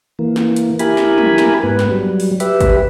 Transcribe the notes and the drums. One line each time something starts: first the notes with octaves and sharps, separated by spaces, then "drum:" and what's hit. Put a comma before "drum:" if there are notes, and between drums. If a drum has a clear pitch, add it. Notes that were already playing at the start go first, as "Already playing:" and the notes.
E3 A#3
drum: snare
drum: hi-hat
E4 G4 A#4 G#5 B5, drum: hi-hat
drum: snare
drum: tom
drum: snare
G#2 B3 B4
drum: snare
F#3 G3
drum: open hi-hat
G4 B4 E5, drum: hi-hat
drum: kick, hi-hat